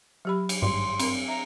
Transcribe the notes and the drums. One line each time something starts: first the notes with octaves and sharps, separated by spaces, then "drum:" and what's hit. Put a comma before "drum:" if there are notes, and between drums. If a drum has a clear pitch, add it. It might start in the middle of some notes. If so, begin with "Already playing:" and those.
F#3 G4 B5
drum: cymbal
G#1 G2 C6
C4 A#4, drum: cymbal
E5 A#5